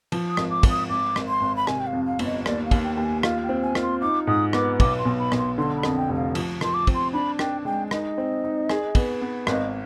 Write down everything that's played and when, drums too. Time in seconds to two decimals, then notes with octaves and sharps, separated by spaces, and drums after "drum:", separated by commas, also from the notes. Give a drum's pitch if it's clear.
0.12 F3, drum: cymbal
0.30 D#6
0.37 G#1, drum: rim click
0.50 D6
0.63 G#1, drum: kick, cymbal
0.70 D#6
0.89 G#1 D6
1.16 G#1, drum: rim click
1.28 C6
1.41 G#1
1.56 B5
1.67 C3 G#5, drum: rim click
1.80 G5
1.87 F5
1.93 F2
2.06 F5
2.19 G1, drum: cymbal
2.26 D#5
2.46 D#2 D5, drum: rim click
2.65 F5
2.71 D#2, drum: kick, cymbal
2.84 G5
2.95 D#2 G5
3.04 G#5
3.23 F4 F5, drum: rim click
3.43 G5
3.49 C4
3.62 G#5
3.75 F4, drum: rim click
3.82 C6
4.01 D#4 D6
4.27 G#2 D#6
4.53 B3 D6, drum: rim click
4.80 B1 D6, drum: kick, cymbal
4.99 C6
5.05 B1
5.19 B5
5.32 B1, drum: rim click
5.38 C6
5.58 D3 C6
5.77 B5
5.83 F2, drum: rim click
5.97 G5
6.09 F1
6.16 F5
6.35 F3, drum: cymbal
6.61 F3 C6, drum: rim click
6.74 D6
6.87 C4, drum: kick, cymbal
6.94 C6
7.13 D4 B5
7.39 D4 G5, drum: rim click
7.65 G#3 G5
7.91 D#4 D#5, drum: rim click
8.18 C4
8.44 D#4
8.69 G#4, drum: rim click
8.95 B3, drum: kick, cymbal
9.21 B3
9.47 G#1 D#5, drum: rim click